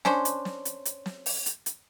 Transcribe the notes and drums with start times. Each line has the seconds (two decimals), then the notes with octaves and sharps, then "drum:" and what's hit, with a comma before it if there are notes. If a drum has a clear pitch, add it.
0.05 C#4 D4 C5, drum: snare
0.25 drum: hi-hat
0.45 drum: snare
0.65 drum: hi-hat
0.85 drum: hi-hat
1.06 drum: snare
1.26 drum: open hi-hat
1.46 drum: hi-hat
1.66 drum: hi-hat